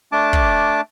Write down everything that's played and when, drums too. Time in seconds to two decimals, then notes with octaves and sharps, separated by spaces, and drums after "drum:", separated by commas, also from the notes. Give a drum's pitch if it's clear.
0.12 A3 D4 A5 D6
0.33 drum: kick